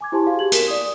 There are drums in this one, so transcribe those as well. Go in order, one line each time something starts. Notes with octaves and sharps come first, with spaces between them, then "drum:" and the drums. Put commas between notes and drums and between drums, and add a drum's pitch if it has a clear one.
G#5 D6 G#6
E4 G4 C5 G#5 A5 C6
F#4 G#4 F5
G4 G#6 F#7
A#4 B6 E7, drum: hi-hat
D5 D#6